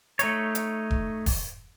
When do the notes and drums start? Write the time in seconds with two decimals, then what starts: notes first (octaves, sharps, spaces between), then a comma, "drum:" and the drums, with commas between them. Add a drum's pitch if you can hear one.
0.19 A3 D#4 C#5, drum: hi-hat
0.55 drum: hi-hat
0.91 drum: kick E1
1.26 drum: kick E1, open hi-hat